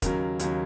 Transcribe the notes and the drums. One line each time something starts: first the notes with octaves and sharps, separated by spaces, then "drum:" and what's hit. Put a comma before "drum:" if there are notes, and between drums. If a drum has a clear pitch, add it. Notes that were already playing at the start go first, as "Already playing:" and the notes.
D#2 C#3 F#3 A#4, drum: kick, hi-hat
D#2 C#3 F#3, drum: hi-hat